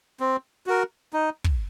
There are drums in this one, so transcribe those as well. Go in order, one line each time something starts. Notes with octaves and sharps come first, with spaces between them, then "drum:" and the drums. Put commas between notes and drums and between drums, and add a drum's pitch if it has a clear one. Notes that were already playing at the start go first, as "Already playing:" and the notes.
C4
F#4 A#4
D#4
drum: kick